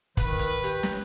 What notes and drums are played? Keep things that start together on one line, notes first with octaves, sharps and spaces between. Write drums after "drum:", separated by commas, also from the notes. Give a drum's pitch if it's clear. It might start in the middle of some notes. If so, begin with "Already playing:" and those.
D#3 B4, drum: kick, hi-hat
drum: hi-hat
G4, drum: hi-hat
drum: snare